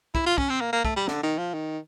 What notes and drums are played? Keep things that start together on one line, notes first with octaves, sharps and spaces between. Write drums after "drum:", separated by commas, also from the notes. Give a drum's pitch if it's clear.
E4, drum: kick
F4
C#4, drum: kick
C4
A#3
A#3
A3, drum: kick
G3
D3, drum: snare
D#3
F3
D#3